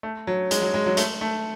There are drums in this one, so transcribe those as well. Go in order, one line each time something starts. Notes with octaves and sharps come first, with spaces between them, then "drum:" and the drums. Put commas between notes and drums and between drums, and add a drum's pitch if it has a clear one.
A3
F#3
G#3, drum: hi-hat
F#3
G#3
F#3
A3, drum: hi-hat
A3